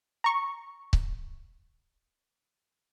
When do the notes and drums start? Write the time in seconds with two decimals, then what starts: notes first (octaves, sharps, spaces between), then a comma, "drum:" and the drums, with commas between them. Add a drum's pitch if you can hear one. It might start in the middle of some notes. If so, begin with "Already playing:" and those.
0.24 A#5 C#6
0.93 drum: kick C#1